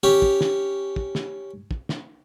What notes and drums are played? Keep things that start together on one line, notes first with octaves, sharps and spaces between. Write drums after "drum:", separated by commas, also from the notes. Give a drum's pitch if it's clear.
C#4 G4
drum: kick
drum: snare
drum: kick
drum: snare
drum: kick
drum: snare